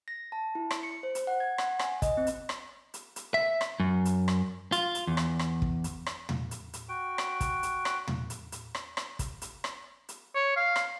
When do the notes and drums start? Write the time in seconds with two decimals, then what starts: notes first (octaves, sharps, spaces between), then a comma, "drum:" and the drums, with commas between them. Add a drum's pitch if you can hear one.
0.08 A#6
0.32 A5
0.55 E4
0.71 D7, drum: rim click
0.83 C#7
1.03 C5
1.15 drum: hi-hat
1.27 F#5
1.40 G#6
1.58 F#5, drum: rim click
1.79 G#5, drum: rim click
2.02 D#5, drum: kick, hi-hat
2.17 C4
2.27 drum: hi-hat
2.49 drum: rim click
2.94 drum: hi-hat
3.16 drum: hi-hat
3.34 E5
3.61 drum: rim click
3.80 F#2
4.05 drum: hi-hat
4.28 drum: rim click
4.72 F4, drum: hi-hat
4.95 drum: hi-hat
5.07 E2
5.17 drum: rim click
5.39 drum: rim click
5.62 drum: kick
5.84 drum: hi-hat
6.06 drum: rim click
6.29 drum: tom
6.51 drum: hi-hat
6.73 drum: hi-hat
6.89 F#4 G5
7.18 drum: rim click
7.40 drum: kick, hi-hat
7.63 drum: hi-hat
7.85 drum: rim click
8.08 drum: tom
8.30 drum: hi-hat
8.52 drum: hi-hat
8.75 drum: rim click
8.97 drum: rim click
9.19 drum: kick, hi-hat
9.42 drum: hi-hat
9.64 drum: rim click
10.09 drum: hi-hat
10.35 C#5
10.56 F5
10.76 drum: rim click